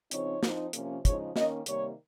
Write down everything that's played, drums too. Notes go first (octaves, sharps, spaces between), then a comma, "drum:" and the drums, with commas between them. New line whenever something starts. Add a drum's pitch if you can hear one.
C#3 F3 C4 D#4 C#5, drum: hi-hat
F3 C4 D#4, drum: snare
C3 F3 A#3 C#4, drum: hi-hat
C#3 F3 G#3 D#4 C#5, drum: kick, hi-hat
D#3 A#3 C#4 D#5, drum: snare
C3 D#3 G3 A#3 C#5, drum: hi-hat